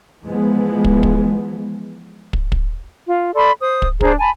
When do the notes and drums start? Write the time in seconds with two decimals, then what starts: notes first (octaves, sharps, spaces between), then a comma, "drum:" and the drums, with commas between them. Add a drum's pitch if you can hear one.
0.24 E3 F3 G#3 B3
0.84 drum: kick
1.03 drum: kick
2.33 drum: kick
2.52 drum: kick
3.07 F4
3.36 A4 D5 B5 C6
3.61 C5 D#6
3.82 drum: kick
4.01 D4 G#4 C5 A#5, drum: kick
4.19 G#5 A5 B5